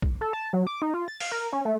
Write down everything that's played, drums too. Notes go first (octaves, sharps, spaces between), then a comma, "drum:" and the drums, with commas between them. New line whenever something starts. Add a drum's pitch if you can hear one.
drum: kick
A4
A5
F#3
D6
D#4
F4
A6
F5, drum: open hi-hat
A#4
C#4
A3